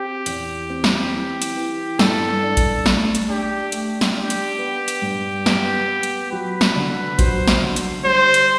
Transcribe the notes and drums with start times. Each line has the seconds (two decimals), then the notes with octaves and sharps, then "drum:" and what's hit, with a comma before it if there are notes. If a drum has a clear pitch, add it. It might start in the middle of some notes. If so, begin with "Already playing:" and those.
Already playing: C4 G4
0.26 E2, drum: hi-hat
0.70 C4
0.84 drum: snare
1.12 E3
1.42 drum: hi-hat
1.56 E3
1.99 G2 A4, drum: snare
2.43 D4
2.57 drum: kick A1, hi-hat
2.86 A3, drum: snare
3.15 drum: hi-hat
3.29 D4 G4
3.72 A3, drum: hi-hat
4.01 drum: snare
4.16 D4 G4
4.30 drum: hi-hat
4.58 B3
4.88 drum: hi-hat
5.02 G2
5.46 B3, drum: snare
5.88 B3
6.03 drum: hi-hat
6.32 F#3 B4
6.61 drum: snare
6.75 D3
7.19 F#3 C5, drum: kick A1, hi-hat
7.48 drum: snare
7.62 D3
7.76 drum: hi-hat
8.05 G3 C5
8.34 drum: hi-hat